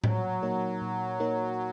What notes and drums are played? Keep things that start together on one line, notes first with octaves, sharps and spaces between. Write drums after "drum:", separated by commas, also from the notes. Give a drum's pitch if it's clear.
A#2 F#3, drum: tom A2
A#3 D#4 A#4 C#5
A#2
A#3 D#4 A#4 C#5